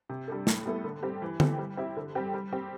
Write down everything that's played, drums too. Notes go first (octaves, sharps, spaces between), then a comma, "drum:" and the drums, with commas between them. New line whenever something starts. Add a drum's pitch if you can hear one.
C3
G3 D4 A4
A2, drum: snare
G3 B3 E4 A4
D3
G3 C4 G4
E3
A3 C4 G4, drum: tom D3
G3
C4 E4 G4
D3
G3 C4 G4
G3
C4 G4